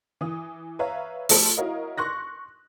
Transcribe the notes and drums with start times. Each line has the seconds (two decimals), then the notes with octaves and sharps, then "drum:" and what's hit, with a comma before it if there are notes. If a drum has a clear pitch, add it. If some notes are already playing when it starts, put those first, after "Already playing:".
0.21 E3 D#6
0.79 B4 C#5 E5 F5 A#5
1.29 F3 A3 A4 C5, drum: open hi-hat
1.57 E4 F#4 A#4 C#5 D#5 F5
1.98 C6 C#6 F#6 A#6